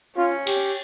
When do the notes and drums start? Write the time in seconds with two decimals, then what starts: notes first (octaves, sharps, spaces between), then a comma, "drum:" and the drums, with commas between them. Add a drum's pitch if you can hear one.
0.17 C#4 F4
0.47 G4, drum: cymbal